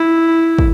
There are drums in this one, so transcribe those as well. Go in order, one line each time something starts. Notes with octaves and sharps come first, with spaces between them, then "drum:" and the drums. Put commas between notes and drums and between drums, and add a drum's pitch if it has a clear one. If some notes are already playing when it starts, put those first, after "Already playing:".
Already playing: E4
drum: kick